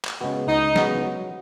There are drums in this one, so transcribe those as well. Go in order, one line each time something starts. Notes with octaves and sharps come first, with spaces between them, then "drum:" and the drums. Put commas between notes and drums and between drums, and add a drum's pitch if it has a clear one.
drum: clap
C#3 G#3 B3 F#4
C#2 D#4
C#3 G#3 B3 F#4, drum: snare
F#3